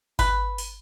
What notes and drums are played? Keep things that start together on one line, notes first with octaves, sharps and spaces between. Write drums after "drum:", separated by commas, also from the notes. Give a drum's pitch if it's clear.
B4, drum: kick G#1, open hi-hat
drum: open hi-hat